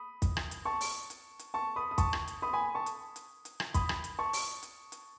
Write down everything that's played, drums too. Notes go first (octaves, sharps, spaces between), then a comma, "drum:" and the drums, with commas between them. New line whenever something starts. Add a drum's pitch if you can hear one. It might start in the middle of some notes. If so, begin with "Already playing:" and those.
Already playing: B5 D#6
drum: kick, hi-hat
drum: rim click
drum: hi-hat
A5 C#6
drum: open hi-hat
drum: hi-hat
drum: hi-hat
A5 C#6
B5 D#6
D#6
A5 C#6, drum: kick, hi-hat
drum: rim click
drum: hi-hat
B5 D#6
G#5 B5
A5 C#6
drum: hi-hat
drum: hi-hat
drum: hi-hat
drum: rim click
B5 D#6, drum: kick, hi-hat
drum: rim click
drum: hi-hat
A5 C#6
drum: open hi-hat
drum: hi-hat
drum: hi-hat